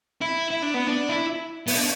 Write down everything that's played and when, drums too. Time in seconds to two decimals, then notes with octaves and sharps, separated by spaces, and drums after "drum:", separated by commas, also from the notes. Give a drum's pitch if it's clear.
0.22 E4
0.51 E4
0.63 D4
0.74 B3
0.87 D4
1.09 E4
1.68 B3, drum: open hi-hat
1.77 D4